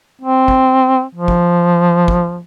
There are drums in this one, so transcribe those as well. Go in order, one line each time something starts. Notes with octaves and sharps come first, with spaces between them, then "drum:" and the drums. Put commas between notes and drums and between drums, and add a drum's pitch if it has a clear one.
C4
drum: kick
F3
drum: kick
drum: kick